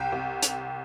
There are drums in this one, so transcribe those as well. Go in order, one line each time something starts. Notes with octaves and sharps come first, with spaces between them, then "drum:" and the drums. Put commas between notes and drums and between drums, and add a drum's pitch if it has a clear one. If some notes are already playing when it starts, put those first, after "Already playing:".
Already playing: C2 G5
C2
drum: hi-hat